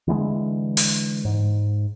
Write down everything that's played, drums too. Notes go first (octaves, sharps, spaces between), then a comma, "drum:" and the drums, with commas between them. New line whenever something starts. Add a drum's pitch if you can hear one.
D3 E3 G3 G#3
drum: open hi-hat
G#2